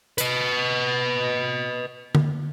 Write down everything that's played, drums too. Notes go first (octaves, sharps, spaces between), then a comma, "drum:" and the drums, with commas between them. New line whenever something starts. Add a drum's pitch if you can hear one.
B4 D#5, drum: hi-hat
drum: tom D3